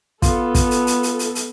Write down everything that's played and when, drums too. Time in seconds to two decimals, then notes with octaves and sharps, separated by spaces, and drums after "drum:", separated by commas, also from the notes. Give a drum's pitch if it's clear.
0.22 B3 F4 A4, drum: kick, hi-hat
0.55 drum: kick, hi-hat
0.71 drum: hi-hat
0.87 drum: hi-hat
1.03 drum: hi-hat
1.19 drum: hi-hat
1.35 drum: hi-hat